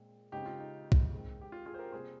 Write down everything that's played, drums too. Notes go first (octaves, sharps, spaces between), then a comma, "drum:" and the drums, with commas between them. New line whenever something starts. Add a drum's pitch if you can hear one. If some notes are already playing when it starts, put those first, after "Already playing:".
Already playing: A#2 G#3 C4
C#3 G#3 C4 D#4 G4
F4
D#4
drum: kick
D#3 G#3 C4
G4
F4
F4 G#4
C5
G4 A#4
C3 G3 A#3 G#4 C5